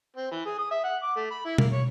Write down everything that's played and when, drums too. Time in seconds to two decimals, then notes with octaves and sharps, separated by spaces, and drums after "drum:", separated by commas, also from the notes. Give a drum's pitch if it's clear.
0.16 C4
0.31 E3
0.46 G#4
0.59 D#6
0.71 E5
0.84 F#5
1.03 D6
1.16 A3
1.31 B5
1.45 E4
1.58 A#3, drum: tom B2
1.72 C#5